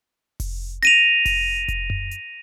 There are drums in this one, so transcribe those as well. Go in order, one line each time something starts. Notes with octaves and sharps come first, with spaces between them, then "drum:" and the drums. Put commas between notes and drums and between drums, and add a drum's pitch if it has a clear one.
drum: kick F1, open hi-hat
A#6 D#7 F7, drum: hi-hat
drum: kick F1, open hi-hat
drum: kick F1, hi-hat
drum: tom F#2
drum: hi-hat